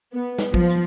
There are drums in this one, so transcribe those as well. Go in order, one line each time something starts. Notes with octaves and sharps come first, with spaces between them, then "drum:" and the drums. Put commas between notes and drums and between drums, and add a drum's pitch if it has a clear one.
B3
drum: snare
F3, drum: kick
drum: hi-hat